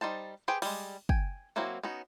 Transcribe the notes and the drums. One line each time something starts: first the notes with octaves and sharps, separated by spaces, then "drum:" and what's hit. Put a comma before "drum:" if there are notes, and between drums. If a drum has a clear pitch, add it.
G3 D#4 C5 A5
G4 G#4 B4 C5 G5
G3 G#3, drum: open hi-hat
G5 G#5, drum: kick
F#3 A#3 C4 E4 F#4
B3 C#4 D#4 F#4